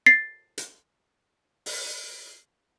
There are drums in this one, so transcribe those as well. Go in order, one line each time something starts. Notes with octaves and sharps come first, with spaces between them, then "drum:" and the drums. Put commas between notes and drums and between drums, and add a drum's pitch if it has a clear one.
A6 C7
drum: hi-hat
drum: open hi-hat